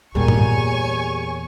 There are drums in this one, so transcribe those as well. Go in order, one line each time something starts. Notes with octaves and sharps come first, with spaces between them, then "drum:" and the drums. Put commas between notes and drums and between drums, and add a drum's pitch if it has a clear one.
E2 A#2 G3 A#3 G#4 C#5 G#5 C#6
drum: tom G2